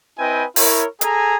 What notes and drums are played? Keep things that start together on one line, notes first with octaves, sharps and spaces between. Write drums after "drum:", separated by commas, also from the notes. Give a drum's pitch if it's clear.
C4 E4 B4 D#5 G5 G#5
E4 A#4 C#5, drum: open hi-hat
G#4 A4 G#5 A#5, drum: hi-hat